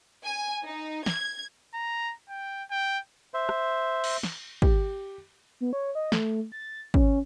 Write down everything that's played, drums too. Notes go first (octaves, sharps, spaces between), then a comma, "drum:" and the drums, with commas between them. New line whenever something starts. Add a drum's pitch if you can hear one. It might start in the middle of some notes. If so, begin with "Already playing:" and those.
G#5
D#4
G#6, drum: snare
A#5
G5
G5
C5 E5
drum: rim click
drum: cymbal
drum: snare
G4, drum: kick
B3
C#5
D#5
A3, drum: snare
A6
C#4, drum: kick